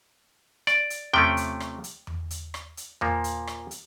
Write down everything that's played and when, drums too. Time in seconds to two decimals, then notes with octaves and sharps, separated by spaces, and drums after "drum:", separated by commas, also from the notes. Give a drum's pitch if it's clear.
0.67 D5, drum: rim click
0.90 drum: hi-hat
1.13 C3 F3 A3 C#4 G5, drum: tom E2
1.37 drum: hi-hat
1.60 drum: rim click
1.84 drum: hi-hat
2.07 drum: tom E2
2.31 drum: hi-hat
2.54 drum: rim click
2.77 drum: hi-hat
3.01 A#2 F3 A#3, drum: tom E2
3.24 drum: hi-hat
3.47 drum: rim click
3.71 drum: hi-hat